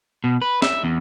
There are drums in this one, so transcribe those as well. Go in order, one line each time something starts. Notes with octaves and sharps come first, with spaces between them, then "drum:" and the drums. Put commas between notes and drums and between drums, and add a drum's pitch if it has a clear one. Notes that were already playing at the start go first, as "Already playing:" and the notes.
B2
B4
E5, drum: snare
E2